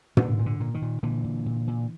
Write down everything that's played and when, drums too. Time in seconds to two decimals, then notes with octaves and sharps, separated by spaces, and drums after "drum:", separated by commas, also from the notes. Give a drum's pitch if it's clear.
0.17 A#2 D3, drum: tom
0.39 A#2
0.46 D3
0.60 A#2
0.74 D#3
0.82 A#2
1.03 A#2 D3 E3
1.24 A#2
1.46 A#2
1.67 A#2